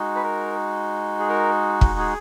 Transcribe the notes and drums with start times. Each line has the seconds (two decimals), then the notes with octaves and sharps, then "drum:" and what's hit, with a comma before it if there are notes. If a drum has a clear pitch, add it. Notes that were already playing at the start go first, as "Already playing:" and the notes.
Already playing: G#3 D#4 F#4
0.15 B4
0.24 A#4
1.20 G#4
1.29 A#4
1.81 drum: kick
1.99 G#4